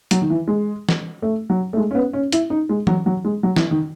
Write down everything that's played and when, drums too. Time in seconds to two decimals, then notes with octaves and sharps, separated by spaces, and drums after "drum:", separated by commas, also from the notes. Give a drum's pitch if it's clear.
0.11 F#3, drum: hi-hat
0.22 D#3
0.30 E3
0.48 G#3
0.89 drum: snare
1.22 A3
1.50 F#3
1.73 A3
1.77 G#3
1.91 C#4
1.95 B3
2.13 C#4
2.32 E4, drum: hi-hat
2.50 D#4
2.69 G#3
2.87 F#3, drum: tom E3
3.06 F#3
3.25 G#3
3.43 F#3
3.56 E3, drum: snare
3.71 D#3